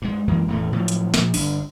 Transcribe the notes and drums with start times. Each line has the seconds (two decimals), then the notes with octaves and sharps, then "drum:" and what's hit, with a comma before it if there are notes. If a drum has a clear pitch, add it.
0.02 G2 G#3
0.28 F#2 E3 G#3 A#3
0.48 E1 A2 E3 A3
0.73 A2 F3 F#3
0.88 drum: hi-hat
1.14 A#2 F3, drum: snare
1.34 G1 D4, drum: open hi-hat